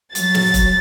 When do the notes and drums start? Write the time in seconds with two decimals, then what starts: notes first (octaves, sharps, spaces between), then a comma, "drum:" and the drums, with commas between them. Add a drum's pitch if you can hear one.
0.15 F#3 A6, drum: hi-hat
0.34 drum: snare
0.54 drum: kick F1, hi-hat